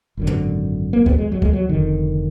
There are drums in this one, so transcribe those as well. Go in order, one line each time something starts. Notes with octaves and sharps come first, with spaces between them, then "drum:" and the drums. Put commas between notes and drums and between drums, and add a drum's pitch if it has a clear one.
G#1 F#2 D3
drum: tom
A#3
B3, drum: kick C#2
F#3
G#3
F#3
G#3, drum: kick C#2
F#3
F1 F2 D3 D#3